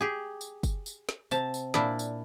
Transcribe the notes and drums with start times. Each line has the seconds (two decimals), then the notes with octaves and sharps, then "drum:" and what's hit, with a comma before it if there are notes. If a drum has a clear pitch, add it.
0.01 G4 G#4
0.41 drum: tambourine
0.63 drum: kick, tambourine
0.86 drum: tambourine
1.09 drum: snare
1.31 C3 A5, drum: tambourine
1.54 drum: tambourine
1.74 A#2 D4 E4, drum: snare
1.99 drum: tambourine